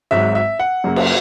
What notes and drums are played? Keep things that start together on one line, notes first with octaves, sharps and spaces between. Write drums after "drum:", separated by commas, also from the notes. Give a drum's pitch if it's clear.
G#1 G#2 F#3 E5
E5
F#5
F#2 C#3 F#3 A#3
drum: cymbal